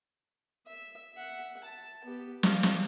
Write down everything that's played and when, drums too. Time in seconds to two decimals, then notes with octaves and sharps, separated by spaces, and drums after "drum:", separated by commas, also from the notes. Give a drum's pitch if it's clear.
0.67 E5
1.14 E5 F#5
1.64 A5
2.04 B3 G4
2.43 D5 F5, drum: snare
2.63 drum: snare